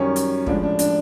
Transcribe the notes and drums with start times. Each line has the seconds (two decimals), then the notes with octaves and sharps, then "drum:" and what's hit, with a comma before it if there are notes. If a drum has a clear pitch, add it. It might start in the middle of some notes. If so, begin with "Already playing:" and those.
Already playing: F#2 D#3 G3 C#4
0.16 drum: hi-hat
0.47 A2 F3 G#3 D4, drum: kick
0.63 D4
0.79 D4, drum: hi-hat